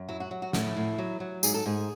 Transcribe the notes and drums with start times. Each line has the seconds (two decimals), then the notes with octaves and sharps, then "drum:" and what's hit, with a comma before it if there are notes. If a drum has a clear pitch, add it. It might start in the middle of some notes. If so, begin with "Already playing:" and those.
Already playing: F#2
0.08 F#3 E4
0.20 F#4
0.31 F#3
0.42 F#4
0.53 A2 E4, drum: snare
0.77 A2
0.98 F#3
1.20 F#3
1.43 G#2 G#4, drum: tambourine
1.54 A4
1.66 G#2 G#4